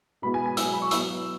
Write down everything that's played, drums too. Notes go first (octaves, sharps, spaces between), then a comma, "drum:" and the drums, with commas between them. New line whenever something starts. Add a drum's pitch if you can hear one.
B2 G#3 B3 E4 B5
G#5
G#5
F#3 E4 E6, drum: hi-hat
B5
C#6
F#3 B3 E4 E6, drum: hi-hat